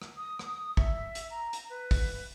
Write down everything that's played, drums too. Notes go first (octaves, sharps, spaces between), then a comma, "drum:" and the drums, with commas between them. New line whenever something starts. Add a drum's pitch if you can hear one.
drum: rim click
D#6
drum: rim click
E5, drum: kick
drum: hi-hat
A#5
drum: hi-hat
B4
drum: kick, open hi-hat